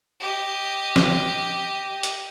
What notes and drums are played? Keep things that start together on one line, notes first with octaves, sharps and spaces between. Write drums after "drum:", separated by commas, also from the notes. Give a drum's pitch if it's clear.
G4 D#5
drum: snare
drum: hi-hat